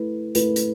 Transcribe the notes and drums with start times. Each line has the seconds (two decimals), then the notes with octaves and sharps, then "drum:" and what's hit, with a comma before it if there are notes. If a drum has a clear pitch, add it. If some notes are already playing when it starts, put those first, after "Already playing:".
Already playing: A3 E4 B4
0.35 A3 E4 B4, drum: hi-hat
0.56 drum: hi-hat